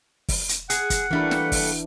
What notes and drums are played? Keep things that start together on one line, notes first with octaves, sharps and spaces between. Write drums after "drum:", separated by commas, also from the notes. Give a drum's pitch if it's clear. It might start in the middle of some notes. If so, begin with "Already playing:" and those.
drum: kick, open hi-hat
drum: hi-hat
G#4 F#5, drum: hi-hat
drum: kick, hi-hat
E3 G3 A3 A#3 D4
drum: snare
drum: kick, open hi-hat